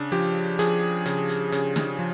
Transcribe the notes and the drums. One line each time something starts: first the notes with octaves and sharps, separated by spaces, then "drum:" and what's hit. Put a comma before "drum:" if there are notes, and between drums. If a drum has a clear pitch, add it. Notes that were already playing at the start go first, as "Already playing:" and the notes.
Already playing: C#3 D4
F3 G4
F3 G#4, drum: hi-hat
C#3, drum: hi-hat
drum: hi-hat
C#3, drum: hi-hat
drum: snare
F3